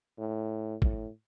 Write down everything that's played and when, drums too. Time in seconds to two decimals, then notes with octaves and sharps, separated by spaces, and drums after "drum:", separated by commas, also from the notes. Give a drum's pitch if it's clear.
0.19 A2
0.82 A2, drum: kick